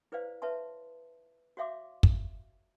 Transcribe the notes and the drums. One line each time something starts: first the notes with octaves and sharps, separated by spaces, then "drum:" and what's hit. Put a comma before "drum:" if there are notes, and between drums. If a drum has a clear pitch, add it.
E4 B4 C5 D5 F5
B4 C#5 E5 A5 C6
F#4 C#5 E5 F5 C6 D6
drum: kick